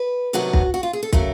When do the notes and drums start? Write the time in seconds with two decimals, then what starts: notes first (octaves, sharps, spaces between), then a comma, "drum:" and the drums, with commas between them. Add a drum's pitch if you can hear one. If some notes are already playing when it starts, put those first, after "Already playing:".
Already playing: B4
0.33 F2 C3 D#3 F#3 B3 F#4
0.53 drum: kick
0.74 F#4
0.83 F4
0.93 G#4
1.03 A4
1.13 C#3 F#3 A3 A#4, drum: kick